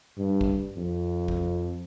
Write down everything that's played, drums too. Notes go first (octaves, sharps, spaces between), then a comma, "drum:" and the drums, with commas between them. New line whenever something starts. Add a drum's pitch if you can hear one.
G2
drum: kick
F2
drum: kick